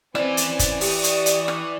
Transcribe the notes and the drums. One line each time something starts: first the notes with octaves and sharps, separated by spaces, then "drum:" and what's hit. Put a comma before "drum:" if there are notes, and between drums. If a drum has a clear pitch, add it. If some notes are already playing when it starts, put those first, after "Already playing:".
C4 C#4 E4 B4 D5 G#5, drum: rim click
drum: hi-hat
drum: kick, hi-hat
G4 G5 C#6 D#6, drum: open hi-hat
drum: hi-hat
drum: hi-hat
drum: rim click